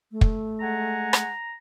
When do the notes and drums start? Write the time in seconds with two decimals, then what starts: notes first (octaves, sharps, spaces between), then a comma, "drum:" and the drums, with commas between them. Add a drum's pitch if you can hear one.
0.12 A3
0.21 drum: kick
0.60 G#3 F#5 G#5 A#5
1.13 drum: rim click